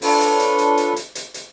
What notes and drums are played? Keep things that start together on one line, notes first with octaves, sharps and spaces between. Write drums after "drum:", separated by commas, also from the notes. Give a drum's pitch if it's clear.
D4 F4 A4 B4 C#5, drum: open hi-hat
drum: hi-hat
drum: hi-hat
drum: hi-hat
drum: hi-hat
drum: hi-hat
drum: hi-hat
drum: hi-hat